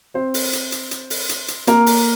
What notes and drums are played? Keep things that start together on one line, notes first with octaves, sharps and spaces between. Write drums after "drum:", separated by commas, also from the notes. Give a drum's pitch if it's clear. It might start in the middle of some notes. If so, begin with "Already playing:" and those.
C4 C5
drum: open hi-hat
drum: hi-hat
drum: hi-hat
drum: hi-hat
drum: open hi-hat
drum: hi-hat
drum: hi-hat
A#3 A#4, drum: hi-hat
drum: open hi-hat